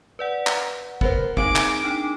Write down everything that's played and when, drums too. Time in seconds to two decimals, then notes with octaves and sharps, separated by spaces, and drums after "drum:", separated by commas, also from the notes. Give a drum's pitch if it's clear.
0.19 B4 D5 F#5
0.47 drum: clap
1.01 B3 A#4 C5, drum: kick
1.37 G#3 A#3 C4 D#4 G#4 D6, drum: kick
1.56 drum: clap
1.84 D4 D#4 G5